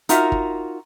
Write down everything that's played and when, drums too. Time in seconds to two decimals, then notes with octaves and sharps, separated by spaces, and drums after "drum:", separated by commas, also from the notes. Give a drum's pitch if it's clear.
0.09 D#4 F4 F#4 A#4 E5, drum: hi-hat
0.32 drum: kick